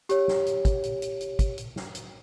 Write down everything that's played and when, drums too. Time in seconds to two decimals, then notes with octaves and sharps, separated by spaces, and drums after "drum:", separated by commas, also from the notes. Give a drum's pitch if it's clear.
0.09 G4 C#5, drum: hi-hat
0.28 drum: snare
0.46 drum: hi-hat
0.65 drum: kick, hi-hat
0.83 drum: hi-hat
1.02 drum: hi-hat
1.21 drum: hi-hat
1.39 drum: kick, hi-hat
1.58 drum: hi-hat
1.76 drum: snare
1.95 drum: hi-hat